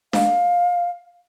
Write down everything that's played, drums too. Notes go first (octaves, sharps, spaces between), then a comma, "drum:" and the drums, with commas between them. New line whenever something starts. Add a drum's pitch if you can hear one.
F5, drum: snare D4